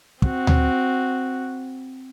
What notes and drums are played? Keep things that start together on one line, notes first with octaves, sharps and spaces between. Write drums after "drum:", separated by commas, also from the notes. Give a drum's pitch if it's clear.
C4 F#4, drum: kick
drum: tom D2